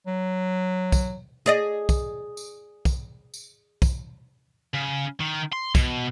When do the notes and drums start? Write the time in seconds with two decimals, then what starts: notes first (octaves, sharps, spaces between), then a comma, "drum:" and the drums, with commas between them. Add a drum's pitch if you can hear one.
0.06 F#3
0.92 drum: kick, tambourine
1.46 G#4 D5 D#5
1.89 drum: kick, tambourine
2.37 drum: tambourine
2.85 drum: kick, tambourine
3.34 drum: tambourine
3.82 drum: kick, tambourine
4.74 C#3
5.20 D#3
5.53 C6
5.75 B2, drum: kick, tambourine